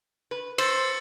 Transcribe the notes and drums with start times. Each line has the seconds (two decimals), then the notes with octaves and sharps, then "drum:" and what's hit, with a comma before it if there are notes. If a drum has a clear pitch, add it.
0.31 B4
0.58 C5 E6 A6 C#7, drum: cymbal